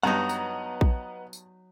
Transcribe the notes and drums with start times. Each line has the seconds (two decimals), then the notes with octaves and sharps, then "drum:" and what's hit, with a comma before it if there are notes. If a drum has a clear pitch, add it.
0.03 G2 F#3 B3 D#4 D#5 F#5 A#5
0.29 drum: tambourine
0.81 drum: kick A#1
1.33 drum: tambourine